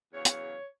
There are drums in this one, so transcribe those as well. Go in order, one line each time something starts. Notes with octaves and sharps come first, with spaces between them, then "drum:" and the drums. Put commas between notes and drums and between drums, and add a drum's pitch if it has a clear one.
E2 C#3 F#3 C#5
drum: hi-hat